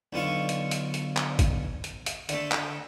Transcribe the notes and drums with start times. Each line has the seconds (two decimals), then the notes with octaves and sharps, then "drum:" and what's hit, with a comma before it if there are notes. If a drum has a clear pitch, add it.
0.13 B1 D3 F4 C#6
0.49 drum: hi-hat
0.71 drum: hi-hat
0.94 drum: hi-hat
1.16 drum: clap
1.39 drum: kick, hi-hat
1.84 drum: hi-hat
2.06 drum: hi-hat
2.29 D3 A3, drum: hi-hat
2.51 drum: clap